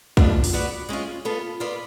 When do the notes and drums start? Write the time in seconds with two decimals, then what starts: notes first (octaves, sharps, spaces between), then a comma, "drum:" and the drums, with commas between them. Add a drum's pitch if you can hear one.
0.17 B2 A3 D4 F4, drum: kick
0.44 drum: open hi-hat
0.53 B3 F#4 B4 D5
0.89 G#3 C#4 F4
1.25 B3 F4 A4 F5
1.60 B3 F4 B4 D5